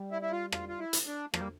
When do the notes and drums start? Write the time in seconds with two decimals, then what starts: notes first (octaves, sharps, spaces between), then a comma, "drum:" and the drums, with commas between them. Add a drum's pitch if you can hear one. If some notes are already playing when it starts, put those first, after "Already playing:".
Already playing: G3
0.11 E4
0.22 E4
0.32 F4
0.52 F4, drum: rim click
0.69 F4
0.79 E4
0.93 drum: hi-hat
1.07 D4
1.34 F3 A#3, drum: rim click
1.41 G3